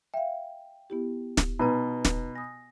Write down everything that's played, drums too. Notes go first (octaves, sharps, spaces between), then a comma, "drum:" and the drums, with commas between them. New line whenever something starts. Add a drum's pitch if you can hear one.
E5 F5 G5
B3 E4 G4
drum: snare
B2 D#4 B4 A#5
drum: snare
G#5 D#6 A#6